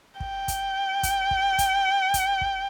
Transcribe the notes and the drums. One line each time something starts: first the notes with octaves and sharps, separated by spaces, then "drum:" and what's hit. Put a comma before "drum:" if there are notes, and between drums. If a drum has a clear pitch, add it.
G5, drum: kick
drum: kick, hi-hat
drum: kick, hi-hat
drum: kick
drum: kick, hi-hat
drum: kick, hi-hat
drum: kick